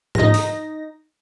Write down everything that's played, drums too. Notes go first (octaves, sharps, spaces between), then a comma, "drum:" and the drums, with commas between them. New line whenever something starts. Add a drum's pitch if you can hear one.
D#4 A#6, drum: tom G#2
drum: open hi-hat